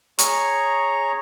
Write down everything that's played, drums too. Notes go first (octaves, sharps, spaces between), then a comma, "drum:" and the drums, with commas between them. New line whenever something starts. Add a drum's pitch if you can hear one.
G#4 C#5 A#5 C#6, drum: hi-hat